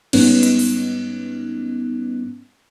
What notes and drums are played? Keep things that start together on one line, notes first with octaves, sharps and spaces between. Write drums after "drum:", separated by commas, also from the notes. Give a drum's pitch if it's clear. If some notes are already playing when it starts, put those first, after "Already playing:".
G#2 G3 B3 C#4 D#4, drum: cymbal
drum: hi-hat
drum: open hi-hat